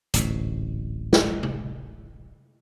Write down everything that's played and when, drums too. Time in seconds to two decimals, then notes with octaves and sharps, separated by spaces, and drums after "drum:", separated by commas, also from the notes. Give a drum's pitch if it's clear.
0.14 D1 A1 G#2, drum: hi-hat
1.13 drum: snare
1.43 drum: tom C3